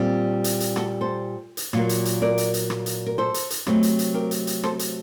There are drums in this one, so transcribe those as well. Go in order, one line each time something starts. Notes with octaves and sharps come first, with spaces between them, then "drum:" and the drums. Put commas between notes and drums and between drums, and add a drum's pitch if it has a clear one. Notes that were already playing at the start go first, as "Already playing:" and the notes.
Already playing: A#2 G3 C4
drum: hi-hat
drum: hi-hat
F#4 A4, drum: rim click
A4 C5
drum: hi-hat
A#2 F#3 A#3, drum: rim click
drum: hi-hat
drum: hi-hat
A#4 D5
drum: hi-hat
drum: hi-hat
drum: rim click
drum: hi-hat
A#4
A4 C5
drum: hi-hat
drum: hi-hat
C3 F#3 A3 C4, drum: rim click
drum: hi-hat
drum: hi-hat
G4 A#4
drum: hi-hat
drum: hi-hat
A4 C5, drum: rim click
drum: hi-hat